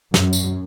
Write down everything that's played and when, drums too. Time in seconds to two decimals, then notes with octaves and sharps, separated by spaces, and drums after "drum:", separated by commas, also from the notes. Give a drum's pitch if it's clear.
0.14 F#2, drum: snare
0.33 drum: tambourine